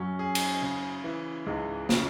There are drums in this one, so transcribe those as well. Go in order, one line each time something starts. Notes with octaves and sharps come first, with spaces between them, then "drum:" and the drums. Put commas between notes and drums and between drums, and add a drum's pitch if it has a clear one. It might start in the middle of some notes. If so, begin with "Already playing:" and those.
Already playing: F#2 F#3 C#4
G#4
drum: cymbal
C#3
E3
C#2 G#2 G#3
C#3, drum: snare